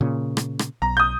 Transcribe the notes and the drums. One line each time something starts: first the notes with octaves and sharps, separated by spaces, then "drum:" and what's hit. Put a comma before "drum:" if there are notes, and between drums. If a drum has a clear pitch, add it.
A#2 C#3
drum: rim click
drum: rim click
B1 A#5
D#6 G6